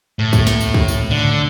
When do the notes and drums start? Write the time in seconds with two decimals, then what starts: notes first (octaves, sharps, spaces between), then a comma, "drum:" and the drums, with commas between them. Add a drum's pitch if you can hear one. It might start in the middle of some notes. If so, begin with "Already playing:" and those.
0.19 A2
0.33 drum: kick, tambourine
0.47 drum: snare
0.61 drum: tambourine
0.74 drum: kick
0.88 drum: tambourine
1.11 D3